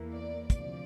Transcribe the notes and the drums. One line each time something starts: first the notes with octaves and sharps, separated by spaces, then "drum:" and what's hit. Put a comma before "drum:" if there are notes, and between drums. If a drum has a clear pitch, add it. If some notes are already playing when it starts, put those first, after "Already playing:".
Already playing: E2 E3 A#3
D5
D2 C3 F3 D5, drum: kick, hi-hat